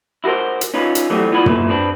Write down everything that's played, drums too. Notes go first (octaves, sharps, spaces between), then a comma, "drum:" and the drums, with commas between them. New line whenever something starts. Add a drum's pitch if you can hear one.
E4 F#4 G#4 A#4 C5
drum: hi-hat
C#4 D#4 F4 B4
drum: hi-hat
E3 F#3 G3 A3 B3 C4
B3 E4 F4 D5 G#5 B5
B1 A#2 E4 B4, drum: tom
C4 D4 B4